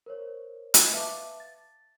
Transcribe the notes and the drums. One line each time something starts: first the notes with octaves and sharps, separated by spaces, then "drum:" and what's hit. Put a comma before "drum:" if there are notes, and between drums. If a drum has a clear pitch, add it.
A#4 C5 C#5
F#6 G#6 A6, drum: hi-hat
B4 E5 F5 A5 D6
A6